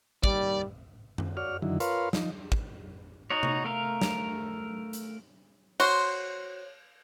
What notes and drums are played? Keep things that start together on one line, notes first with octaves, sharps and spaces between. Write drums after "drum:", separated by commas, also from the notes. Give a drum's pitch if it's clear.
D#2 G3 D5, drum: kick
drum: tom F#2
F#4 C#5 D5 F6
F#2 D3 D#3 F#3 E4
F4 A#4 B4 C#5 F5 C6, drum: hi-hat
F3 D#4, drum: snare
drum: kick
D#4 F#4 C#5
drum: tom C3
A3 A#4 F5
drum: snare
drum: hi-hat
F#4 C5 C#5 C6, drum: cymbal